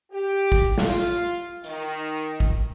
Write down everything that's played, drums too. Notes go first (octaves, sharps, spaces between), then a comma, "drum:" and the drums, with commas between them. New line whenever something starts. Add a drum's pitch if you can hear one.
G4
drum: kick
F4, drum: snare
drum: tambourine
D#3, drum: hi-hat
drum: kick